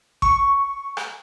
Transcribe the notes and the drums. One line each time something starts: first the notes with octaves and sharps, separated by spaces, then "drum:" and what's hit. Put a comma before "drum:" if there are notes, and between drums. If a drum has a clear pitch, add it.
C#6, drum: kick G#1
drum: rim click